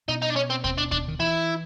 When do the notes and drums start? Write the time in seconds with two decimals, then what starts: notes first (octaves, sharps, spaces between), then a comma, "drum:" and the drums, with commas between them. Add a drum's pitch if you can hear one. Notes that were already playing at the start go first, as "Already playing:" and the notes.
0.08 B2 D#4
0.22 D#4
0.30 D4
0.36 C#4
0.50 C4
0.64 C4, drum: kick
0.78 D4
0.92 D4, drum: kick
1.08 D#3
1.20 E3 E4